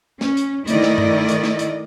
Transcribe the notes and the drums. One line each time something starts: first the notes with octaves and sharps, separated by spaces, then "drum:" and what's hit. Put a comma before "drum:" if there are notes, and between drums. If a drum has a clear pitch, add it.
C#4, drum: snare
drum: hi-hat
D#3 A3 E4 D5 D#5, drum: hi-hat
drum: snare
drum: tom G2
drum: hi-hat
drum: snare
drum: hi-hat